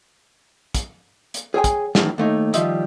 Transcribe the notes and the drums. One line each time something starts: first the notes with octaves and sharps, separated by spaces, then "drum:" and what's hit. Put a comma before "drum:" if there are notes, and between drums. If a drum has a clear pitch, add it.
drum: kick, hi-hat
drum: hi-hat
G#4 C#5 G5 G#5
drum: kick, hi-hat
F#2 A2 C3 D#3 E3, drum: snare
D#2 A3 D#4
D#3 F3 G3 D#5 E5, drum: hi-hat